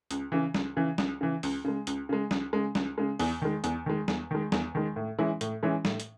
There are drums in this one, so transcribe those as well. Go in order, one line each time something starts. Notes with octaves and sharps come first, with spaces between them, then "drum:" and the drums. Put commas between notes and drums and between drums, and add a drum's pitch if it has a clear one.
C#2, drum: hi-hat
C#3 E3
C#2, drum: snare
C#3 E3
C#2, drum: snare
C#3 E3
C#2, drum: open hi-hat
C#3 G#3
C#2, drum: hi-hat
C#3 G#3
C#2, drum: snare
C#3 G#3
C#2, drum: snare
C#3 G#3
E2, drum: open hi-hat
D#3 G#3
E2, drum: hi-hat
D#3 G#3
E2, drum: snare
D#3 G#3
E2, drum: snare
D#3 G#3
A2
E3 G#3 C#4 E4
A2, drum: hi-hat
E3 G#3 C#4 E4
A2, drum: snare
drum: hi-hat